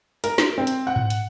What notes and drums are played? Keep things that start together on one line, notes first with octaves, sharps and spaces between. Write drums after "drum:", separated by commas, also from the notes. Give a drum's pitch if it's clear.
A#4, drum: hi-hat
drum: snare
C4
drum: hi-hat
F#5
drum: tom G#2
drum: hi-hat